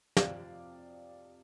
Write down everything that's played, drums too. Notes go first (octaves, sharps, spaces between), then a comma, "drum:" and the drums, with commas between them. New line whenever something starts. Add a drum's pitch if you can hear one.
F2 C3 F3 D5 F5, drum: snare